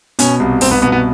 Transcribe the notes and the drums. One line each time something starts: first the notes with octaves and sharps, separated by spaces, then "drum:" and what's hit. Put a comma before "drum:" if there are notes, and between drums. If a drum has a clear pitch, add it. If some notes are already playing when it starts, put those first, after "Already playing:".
B2 C#4, drum: hi-hat
C2
C2 C4, drum: open hi-hat
B3
B2 B3
B3